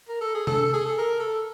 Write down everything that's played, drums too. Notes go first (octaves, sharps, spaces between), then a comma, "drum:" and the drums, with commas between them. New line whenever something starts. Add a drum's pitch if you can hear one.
A#4
A4
G#4
A4, drum: tom C3
G#4
A4
A#4
A4